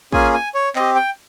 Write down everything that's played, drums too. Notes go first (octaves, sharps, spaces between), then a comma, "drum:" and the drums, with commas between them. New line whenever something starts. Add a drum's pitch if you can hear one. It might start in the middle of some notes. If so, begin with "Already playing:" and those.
A#3 C#4 F4 G#4 G#5, drum: kick
G#5
C#5
C4 G4 D#5, drum: clap
G5